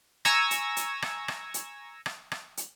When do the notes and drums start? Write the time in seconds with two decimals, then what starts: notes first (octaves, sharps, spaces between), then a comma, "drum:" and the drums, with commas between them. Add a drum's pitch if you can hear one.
0.25 G#5 A#5 C#6 E6 G#6 A#6, drum: rim click
0.51 drum: hi-hat
0.77 drum: hi-hat
1.02 drum: rim click
1.28 drum: rim click
1.54 drum: hi-hat
2.06 drum: rim click
2.32 drum: rim click
2.57 drum: hi-hat